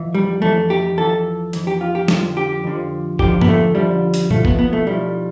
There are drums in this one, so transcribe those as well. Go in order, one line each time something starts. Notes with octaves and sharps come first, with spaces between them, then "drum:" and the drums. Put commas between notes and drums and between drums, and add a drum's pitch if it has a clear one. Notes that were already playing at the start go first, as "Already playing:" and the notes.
Already playing: F2 E3
G3
F2 E3 A3
G4
F2 E3 A4
F2 E3, drum: hi-hat
G4
F4
G4
F2 D3 F3, drum: snare
G4
F2 D3 F3
F2 D3 F3 G4, drum: kick
B3, drum: tom
A3
F2 D3 F3 G3
drum: hi-hat
B1 A2 F3 A3, drum: tom
B3, drum: kick
B3
A3
B1 A2 F3 G3